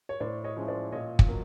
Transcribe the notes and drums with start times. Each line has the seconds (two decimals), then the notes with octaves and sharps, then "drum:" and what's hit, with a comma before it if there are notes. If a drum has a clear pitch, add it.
0.09 C#5
0.20 A2 C5 D5
0.44 C#5 D#5
0.56 F3 G#3 C#4 E4
0.68 C5 D5
0.92 A#2 C#5 D#5
1.19 drum: kick
1.28 F#3 A#3